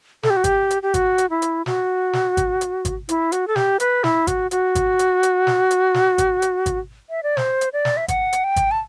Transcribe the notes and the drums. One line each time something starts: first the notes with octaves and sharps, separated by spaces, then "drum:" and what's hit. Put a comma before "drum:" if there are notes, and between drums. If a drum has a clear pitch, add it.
A4, drum: snare
G4
F#4
G4, drum: kick G#1, hi-hat
drum: hi-hat
G4
F#4, drum: kick G#1, hi-hat
drum: hi-hat
E4
drum: hi-hat
F#4, drum: snare
drum: snare
drum: kick G#1, hi-hat
drum: hi-hat
drum: kick G#1, hi-hat
E4, drum: hi-hat
F#4, drum: hi-hat
A4
G4, drum: snare
B4, drum: hi-hat
E4, drum: snare
F#4, drum: kick G#1, hi-hat
F#4, drum: hi-hat
drum: kick G#1, hi-hat
drum: hi-hat
drum: hi-hat
drum: snare
drum: hi-hat
drum: snare
drum: kick G#1, hi-hat
drum: hi-hat
drum: kick G#1, hi-hat
E5
D5
C5, drum: snare
drum: hi-hat
D5
drum: snare
E5
F#5, drum: kick G#1, hi-hat
drum: hi-hat
G5
drum: kick G#1, hi-hat
A5